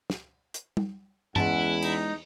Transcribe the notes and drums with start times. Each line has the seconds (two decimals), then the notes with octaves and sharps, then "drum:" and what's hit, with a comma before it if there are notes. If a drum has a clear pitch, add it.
0.10 drum: snare
0.54 drum: hi-hat
0.77 drum: tom G3
1.36 E2 G#3 C#4 E4 F#5 A5, drum: tom G2
1.82 D#4, drum: cymbal